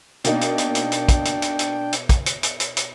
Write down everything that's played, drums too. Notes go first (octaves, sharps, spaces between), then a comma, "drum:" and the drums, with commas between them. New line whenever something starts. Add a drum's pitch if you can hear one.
B2 A#3 D4 D#4 G5, drum: hi-hat
drum: hi-hat
drum: hi-hat
drum: hi-hat
drum: hi-hat
drum: kick, hi-hat
drum: hi-hat
drum: hi-hat
drum: hi-hat
drum: hi-hat
drum: kick, hi-hat
drum: hi-hat
drum: hi-hat
drum: hi-hat
drum: hi-hat